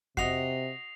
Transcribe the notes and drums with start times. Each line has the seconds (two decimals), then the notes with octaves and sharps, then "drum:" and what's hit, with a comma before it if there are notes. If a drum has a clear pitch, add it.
0.17 C3 F#4 D#5 C7 F7, drum: kick F2